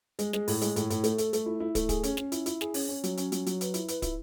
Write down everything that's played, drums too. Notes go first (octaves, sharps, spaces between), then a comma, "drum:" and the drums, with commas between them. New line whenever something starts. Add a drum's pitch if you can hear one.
G#3, drum: hi-hat
G#3, drum: snare
A2, drum: open hi-hat
G#3, drum: hi-hat
A2, drum: hi-hat
A2, drum: hi-hat
A3, drum: hi-hat
A4, drum: hi-hat
A3, drum: hi-hat
E4
E4
A3, drum: kick, hi-hat
G#4, drum: kick, hi-hat
C#4, drum: hi-hat
C#4, drum: snare
E4, drum: hi-hat
E4, drum: hi-hat
G#4, drum: snare
C#4, drum: open hi-hat
C#4
F#3, drum: hi-hat
C#4, drum: hi-hat
F#3, drum: hi-hat
F#3, drum: hi-hat
B4, drum: hi-hat
E4, drum: hi-hat
B4, drum: hi-hat
E4, drum: kick, hi-hat